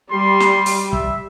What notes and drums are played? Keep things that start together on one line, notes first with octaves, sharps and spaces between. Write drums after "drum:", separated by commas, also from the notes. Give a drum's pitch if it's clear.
G3 C6
drum: snare
drum: open hi-hat
E5, drum: kick